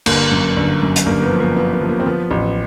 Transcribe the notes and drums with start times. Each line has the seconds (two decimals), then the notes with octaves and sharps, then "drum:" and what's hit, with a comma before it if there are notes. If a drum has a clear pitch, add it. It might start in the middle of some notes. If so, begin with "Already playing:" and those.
0.06 G1 A#3, drum: cymbal
0.31 F#2
0.56 G1
0.82 F#2
0.96 drum: hi-hat
1.06 G1 A#3
1.23 B3
1.31 F3
1.40 A#3
1.56 F3 B3
1.73 B3
1.81 F3
1.89 A#3
2.00 C4
2.06 F3 B3
2.31 A1